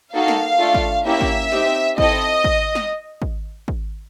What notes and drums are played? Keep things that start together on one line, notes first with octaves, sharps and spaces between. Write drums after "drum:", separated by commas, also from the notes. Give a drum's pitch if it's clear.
A#3 D#4 F#4 A4 F5
drum: snare
A3 D4 F4 A4
drum: kick
A#3 C#4 E4 G4 E5
drum: kick
C4 D#4 G4, drum: snare
C4 E4 A4 D#5, drum: kick
drum: kick
drum: snare
drum: kick
drum: kick